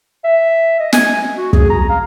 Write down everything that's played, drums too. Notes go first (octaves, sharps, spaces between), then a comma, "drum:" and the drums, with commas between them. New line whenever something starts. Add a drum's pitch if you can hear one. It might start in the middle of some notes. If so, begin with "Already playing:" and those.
E5
D#5
G#5, drum: snare
F#4
G#4, drum: kick
A#5
F5